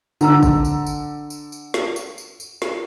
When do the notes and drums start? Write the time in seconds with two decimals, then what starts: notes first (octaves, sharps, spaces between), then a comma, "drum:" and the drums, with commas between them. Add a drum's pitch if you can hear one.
0.21 D3 A#5 E6, drum: tambourine
0.43 drum: kick G#1, tambourine
0.65 drum: tambourine
0.86 drum: tambourine
1.30 drum: tambourine
1.52 drum: tambourine
1.74 drum: snare
1.96 drum: tambourine
2.18 drum: tambourine
2.40 drum: tambourine
2.62 drum: snare